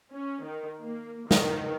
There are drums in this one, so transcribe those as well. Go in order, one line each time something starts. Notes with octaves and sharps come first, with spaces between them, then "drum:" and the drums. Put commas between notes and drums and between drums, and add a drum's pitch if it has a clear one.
C#4
D#3
A#3
D#3, drum: snare